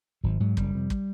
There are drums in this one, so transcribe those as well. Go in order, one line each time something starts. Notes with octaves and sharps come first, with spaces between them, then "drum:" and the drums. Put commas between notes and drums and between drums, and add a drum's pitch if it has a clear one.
G#1 F#3
G#2 F#3
F#1 G3, drum: kick
F2 C3
drum: kick